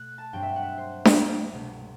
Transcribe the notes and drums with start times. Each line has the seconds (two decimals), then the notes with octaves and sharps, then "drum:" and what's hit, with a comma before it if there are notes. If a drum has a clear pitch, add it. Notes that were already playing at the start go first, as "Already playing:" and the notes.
Already playing: B2 A3 F#6
0.18 A5
0.33 G2 F#3 C4 G5
0.43 E5 F#5
0.56 F#5
0.63 E5
0.78 C5
1.05 drum: snare D4
1.52 C2 B2 A3